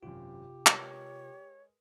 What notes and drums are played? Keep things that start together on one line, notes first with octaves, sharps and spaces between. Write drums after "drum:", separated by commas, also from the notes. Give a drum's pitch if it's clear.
G#1 F#2 C3 F4 G4
G#3 A#4 B4 C#5, drum: clap